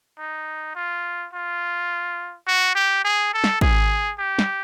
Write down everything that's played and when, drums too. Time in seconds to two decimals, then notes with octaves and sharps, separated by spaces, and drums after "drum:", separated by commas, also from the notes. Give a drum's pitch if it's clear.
0.19 D#4
0.75 F4
1.33 F4
2.47 F#4
2.75 G4
3.04 G#4
3.33 A4
3.44 drum: snare
3.61 G#4, drum: kick
4.18 G4
4.39 drum: snare